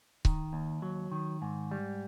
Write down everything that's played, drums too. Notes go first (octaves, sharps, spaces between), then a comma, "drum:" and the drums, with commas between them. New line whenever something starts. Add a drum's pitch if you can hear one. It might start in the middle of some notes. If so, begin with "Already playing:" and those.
D#3, drum: kick C#1
D#2
F#3
D#3
G#2
G3